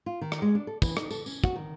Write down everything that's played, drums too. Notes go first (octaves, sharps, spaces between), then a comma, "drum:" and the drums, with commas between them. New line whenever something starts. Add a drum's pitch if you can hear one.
F4
D#3
drum: rim click
G#3
D4
A4
E3, drum: kick, tambourine
D#4, drum: rim click
A4, drum: tambourine
C#4, drum: tambourine
F#4, drum: kick
D#3